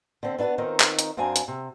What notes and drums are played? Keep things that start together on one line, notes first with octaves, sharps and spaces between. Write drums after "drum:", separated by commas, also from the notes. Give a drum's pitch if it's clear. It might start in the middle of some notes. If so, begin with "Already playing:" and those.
D3 C4
B3 D4 E4 F#4 B4
D#3 C4 D#4 F4 A#4
drum: clap
drum: hi-hat
F#2 C4 D4 F5 G#5 A#5
drum: hi-hat
C3